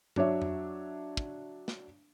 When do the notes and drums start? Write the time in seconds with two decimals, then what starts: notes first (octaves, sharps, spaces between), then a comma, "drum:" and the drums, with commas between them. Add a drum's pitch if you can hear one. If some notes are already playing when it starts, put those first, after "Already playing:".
0.16 F#3 D4 C#5 E5, drum: tom G2
0.42 drum: tom F2
1.17 drum: kick
1.68 drum: snare